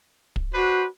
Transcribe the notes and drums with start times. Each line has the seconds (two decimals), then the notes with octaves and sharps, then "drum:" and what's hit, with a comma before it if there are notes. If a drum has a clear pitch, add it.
0.36 drum: kick
0.54 D4 F#4 B4 C5